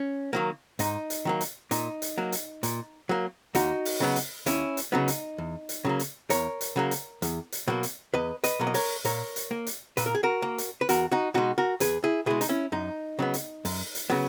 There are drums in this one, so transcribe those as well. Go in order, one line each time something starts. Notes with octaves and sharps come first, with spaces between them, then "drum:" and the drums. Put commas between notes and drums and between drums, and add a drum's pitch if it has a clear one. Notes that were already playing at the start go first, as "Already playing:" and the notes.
Already playing: C#4
D#3 F#3 A#3
G#2 D#4, drum: hi-hat
drum: hi-hat
D#3 F#3 A#3
drum: hi-hat
A#2 D#4, drum: hi-hat
drum: hi-hat
F#3 A#3
drum: hi-hat
A#2, drum: hi-hat
F#3 A#3
D#2 D#4 F#4, drum: hi-hat
drum: open hi-hat
C#3 F#3 B3
drum: hi-hat
D#2 C#4 E4, drum: hi-hat
drum: hi-hat
C#3 F#3 B3 D#4
drum: hi-hat
E2
drum: hi-hat
C#3 F#3 A#3
drum: hi-hat
E2 A#4 C#5, drum: hi-hat
drum: hi-hat
C#3 F#3 A#3
drum: hi-hat
E2, drum: hi-hat
drum: hi-hat
B2 F#3 A#3
drum: hi-hat
E2 B4 D#5
B4 D#5, drum: hi-hat
B2 F#3 A#3
D#5
A#4 C#5, drum: open hi-hat
A#2 A#4 C#5, drum: hi-hat
drum: hi-hat
A#3
drum: hi-hat
A#2 B4, drum: hi-hat
A#4
G#4
F#4 A#4
A#3
drum: hi-hat
B4
E2 F#4 A#4, drum: hi-hat
D#4 F#4
B2 G#3 D#4 F#4
F#4 A#4
E2 G#4 B4, drum: hi-hat
E4 G#4
B2 G#3 E4 G#4
D#4, drum: hi-hat
C#4 E4
F#2 D#4
C#3 F#3 B3
drum: hi-hat
F#2, drum: open hi-hat
drum: hi-hat
C#3 F#3 B3